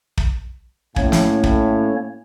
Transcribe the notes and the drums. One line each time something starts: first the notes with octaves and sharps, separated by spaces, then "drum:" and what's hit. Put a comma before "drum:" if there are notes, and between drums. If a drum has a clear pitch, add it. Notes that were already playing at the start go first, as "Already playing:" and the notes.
drum: kick
A2 A#3 C#4 C#5, drum: kick
drum: snare
drum: kick